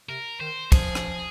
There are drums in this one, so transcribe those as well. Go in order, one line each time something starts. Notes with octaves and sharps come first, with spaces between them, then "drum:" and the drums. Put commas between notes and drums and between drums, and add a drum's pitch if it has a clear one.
C3 A#4
D#3 C5
F3 G#4, drum: kick, cymbal
drum: rim click